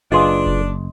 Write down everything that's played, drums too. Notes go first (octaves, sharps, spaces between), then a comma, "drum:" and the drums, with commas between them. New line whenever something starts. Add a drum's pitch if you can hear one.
F#1 D4 F4 G#4 B4 D#5 C6 D#6
drum: kick F1